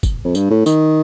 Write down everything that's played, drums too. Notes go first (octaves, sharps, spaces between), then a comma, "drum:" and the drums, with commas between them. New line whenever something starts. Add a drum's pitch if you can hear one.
drum: kick, tambourine
F2
G2, drum: tambourine
A2
D#3, drum: tambourine